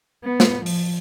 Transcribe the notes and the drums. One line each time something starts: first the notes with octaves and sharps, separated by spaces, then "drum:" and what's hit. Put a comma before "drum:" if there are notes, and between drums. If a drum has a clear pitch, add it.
B3
drum: snare
F3, drum: open hi-hat